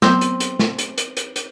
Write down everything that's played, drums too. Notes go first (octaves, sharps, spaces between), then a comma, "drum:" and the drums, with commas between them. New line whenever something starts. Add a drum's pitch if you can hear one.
F#3 B3 C4, drum: snare
drum: hi-hat
drum: hi-hat
drum: snare
drum: hi-hat
drum: hi-hat
drum: hi-hat
drum: hi-hat